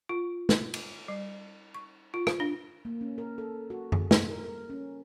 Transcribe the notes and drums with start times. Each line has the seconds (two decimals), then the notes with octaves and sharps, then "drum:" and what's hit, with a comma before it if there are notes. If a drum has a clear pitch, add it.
0.09 F4
0.49 drum: snare
0.74 drum: cymbal
1.08 G3
1.74 C#6
2.14 F4
2.27 drum: rim click
2.40 D4
2.85 A#3
3.01 C#4
3.18 A#4
3.38 A4
3.70 F#4
3.92 G#4, drum: tom F#2
4.11 G3, drum: snare
4.30 A#4
4.44 A#4
4.70 C#4